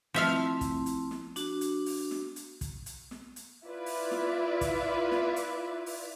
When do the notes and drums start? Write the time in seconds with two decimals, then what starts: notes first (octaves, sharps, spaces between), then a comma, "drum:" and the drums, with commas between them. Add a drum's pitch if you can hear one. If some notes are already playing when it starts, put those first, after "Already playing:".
0.14 F3 A3 C4 E4 E5 F5
0.61 drum: kick, hi-hat
0.86 drum: hi-hat
1.11 drum: snare
1.36 D4 F#4, drum: hi-hat
1.61 drum: hi-hat
1.86 drum: open hi-hat
2.11 drum: snare
2.36 drum: hi-hat
2.61 drum: kick, hi-hat
2.86 drum: hi-hat
3.11 drum: snare
3.36 drum: hi-hat
3.64 E4 F4 B4 D5 E5
3.86 drum: open hi-hat
4.11 drum: snare
4.61 drum: kick, hi-hat
5.11 drum: snare
5.36 drum: hi-hat
5.86 drum: open hi-hat